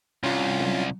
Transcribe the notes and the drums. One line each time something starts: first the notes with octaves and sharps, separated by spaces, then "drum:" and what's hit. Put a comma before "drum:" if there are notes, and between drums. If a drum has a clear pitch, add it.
C2 C#4 F4
drum: tom F#3